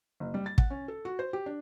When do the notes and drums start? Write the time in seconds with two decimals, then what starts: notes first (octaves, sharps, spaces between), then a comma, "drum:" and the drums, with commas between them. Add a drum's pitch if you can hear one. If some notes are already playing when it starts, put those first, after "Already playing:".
0.20 F#1
0.34 G3
0.46 A6
0.58 F#5, drum: kick
0.70 C#4
0.88 A4
1.05 F#4
1.19 C5
1.33 G4
1.46 D4